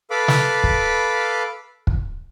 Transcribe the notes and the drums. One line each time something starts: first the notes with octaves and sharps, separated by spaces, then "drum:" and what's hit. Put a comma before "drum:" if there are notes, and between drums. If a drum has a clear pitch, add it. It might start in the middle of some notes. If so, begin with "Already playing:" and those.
A4 B4 F5 B5 D6
drum: snare
drum: kick
drum: kick